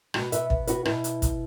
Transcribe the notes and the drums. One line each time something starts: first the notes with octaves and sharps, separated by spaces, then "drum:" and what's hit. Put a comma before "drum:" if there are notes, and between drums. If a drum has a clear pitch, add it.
B2 B3 F#4, drum: rim click
B4 E5, drum: hi-hat
drum: kick
F#4 B4, drum: hi-hat
B2 B3 E4, drum: rim click
drum: hi-hat
drum: kick, hi-hat